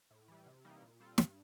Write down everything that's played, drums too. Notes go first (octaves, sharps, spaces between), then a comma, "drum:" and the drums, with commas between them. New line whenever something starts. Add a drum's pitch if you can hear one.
A2
E3 G3
C3
E3 G3 A#3 D#4
A#2
G3 C4 F4 A4
G2, drum: snare